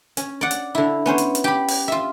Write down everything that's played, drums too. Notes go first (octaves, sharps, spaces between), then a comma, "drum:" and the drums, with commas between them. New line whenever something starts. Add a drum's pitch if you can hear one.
C#4, drum: hi-hat
D5 F#5
drum: hi-hat
D3 E4
B3 C#4 C5
drum: hi-hat
drum: hi-hat
G4 B5
drum: open hi-hat
F4 E5